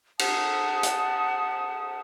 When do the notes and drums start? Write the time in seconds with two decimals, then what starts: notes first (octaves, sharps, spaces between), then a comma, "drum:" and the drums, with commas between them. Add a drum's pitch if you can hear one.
0.19 F#5 A5 D#6, drum: cymbal
0.83 drum: hi-hat